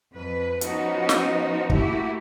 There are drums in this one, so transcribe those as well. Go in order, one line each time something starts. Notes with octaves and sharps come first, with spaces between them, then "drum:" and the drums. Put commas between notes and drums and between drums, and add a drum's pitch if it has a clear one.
F2 B4
F3 B3 C#4 D#4 F4 F#4, drum: hi-hat
drum: snare
A3 A#3 E4 F#4 G4, drum: kick